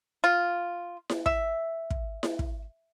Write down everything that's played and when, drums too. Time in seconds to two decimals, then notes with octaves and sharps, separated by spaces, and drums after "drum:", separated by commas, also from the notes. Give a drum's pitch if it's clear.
0.24 F4
1.10 drum: snare E4
1.26 E5, drum: kick
1.90 drum: kick
2.23 drum: snare E4
2.39 drum: kick